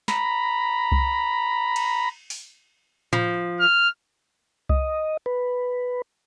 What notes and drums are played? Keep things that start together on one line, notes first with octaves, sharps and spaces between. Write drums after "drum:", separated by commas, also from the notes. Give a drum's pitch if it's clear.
A#5 B5, drum: snare
drum: kick C2
drum: cymbal
drum: open hi-hat
F3, drum: tom A2
F6
D#5, drum: kick C2
B4